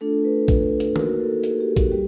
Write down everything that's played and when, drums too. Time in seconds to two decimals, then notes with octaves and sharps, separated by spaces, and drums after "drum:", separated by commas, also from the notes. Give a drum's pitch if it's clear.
0.01 A3 D4 F4 A4
0.24 B4
0.48 drum: kick, hi-hat
0.80 drum: hi-hat
0.96 A#3 D#4 F#4 A#4, drum: tom D#3
1.20 A4
1.43 G#4, drum: hi-hat
1.61 G4
1.76 F#4, drum: kick, hi-hat
1.92 G3 G4